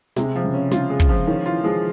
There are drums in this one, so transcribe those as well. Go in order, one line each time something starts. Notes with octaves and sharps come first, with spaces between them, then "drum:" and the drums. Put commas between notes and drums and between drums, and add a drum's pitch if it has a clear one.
C3 G#3, drum: snare
F3
C#3
C#4
C#3 F4, drum: snare
G#3
drum: kick
F3
D#3 C#4
E3 F4
F3 G#3